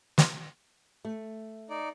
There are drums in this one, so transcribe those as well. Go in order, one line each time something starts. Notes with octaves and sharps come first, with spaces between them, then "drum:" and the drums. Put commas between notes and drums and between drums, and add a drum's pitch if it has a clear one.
drum: snare
A3
D#4 D5